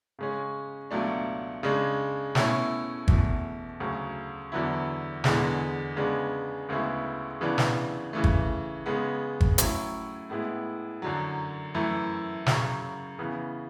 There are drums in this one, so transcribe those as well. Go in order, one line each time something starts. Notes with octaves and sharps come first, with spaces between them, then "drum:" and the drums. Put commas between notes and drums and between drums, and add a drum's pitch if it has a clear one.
C#3 G#3 C#4
C#2 B2 F#3 A3 D4
C#3 G#3 D4
B2 A3 C#4 E4, drum: snare
E2 B2 A3, drum: kick
D2 C#3 F#3
E2 D3 F#3 B3 E4
E2 D3 G#3 B3, drum: snare
C#3 G#3 B3 D4
D2 C#3 G#3 B3 E4
C#3 E3 B3 D4
drum: snare
C#3 E3 A3
drum: kick
C#3 G#3 B3
drum: kick
A2 F#3 C#4 E4, drum: hi-hat
A2 G#3 B3 E4
F#2 D3 F#3
F#2 E3 A3 E4
F#2 C#3 F#3, drum: snare
C#3 E3 B3